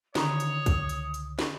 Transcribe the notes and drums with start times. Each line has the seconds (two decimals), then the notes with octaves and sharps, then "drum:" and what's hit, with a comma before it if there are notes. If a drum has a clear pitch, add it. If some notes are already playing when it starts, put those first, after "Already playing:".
0.15 D3 D#3 C#5 A#5 D#6, drum: snare
0.40 drum: hi-hat
0.66 C#2, drum: kick, hi-hat
0.89 drum: hi-hat
1.14 drum: hi-hat
1.39 drum: snare